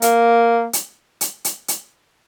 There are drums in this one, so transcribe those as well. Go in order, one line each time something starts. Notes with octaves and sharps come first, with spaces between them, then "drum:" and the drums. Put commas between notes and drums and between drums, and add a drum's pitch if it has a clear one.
A#3, drum: hi-hat
drum: hi-hat
drum: hi-hat
drum: hi-hat
drum: hi-hat